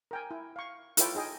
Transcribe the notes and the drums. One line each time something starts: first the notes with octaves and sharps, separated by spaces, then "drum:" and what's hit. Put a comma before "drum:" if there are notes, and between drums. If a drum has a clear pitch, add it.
A#4 G5 G#5
E4
F5 C#6
E4 F4 A4 B4 C#5 G5, drum: hi-hat
D#4 G#4 D#5 G5